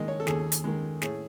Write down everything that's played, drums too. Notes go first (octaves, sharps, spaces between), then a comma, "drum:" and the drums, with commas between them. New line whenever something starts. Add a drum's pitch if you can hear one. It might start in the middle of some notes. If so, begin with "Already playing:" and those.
Already playing: D#2 D#3 G#3 D#5
C#5
A4
D#2 G#4, drum: snare
drum: hi-hat
D#3 G#3
A2 G#4, drum: snare